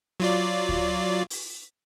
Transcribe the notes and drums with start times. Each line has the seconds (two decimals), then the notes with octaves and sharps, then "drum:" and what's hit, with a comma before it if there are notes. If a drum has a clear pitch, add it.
0.20 F#3 F4 D5
0.69 drum: kick D2
1.30 drum: open hi-hat